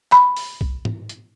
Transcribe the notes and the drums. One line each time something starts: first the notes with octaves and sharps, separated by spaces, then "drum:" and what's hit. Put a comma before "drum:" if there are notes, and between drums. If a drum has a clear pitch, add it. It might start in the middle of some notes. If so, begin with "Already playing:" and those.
B5, drum: clap
drum: open hi-hat
drum: kick B1
drum: tom G#2
drum: hi-hat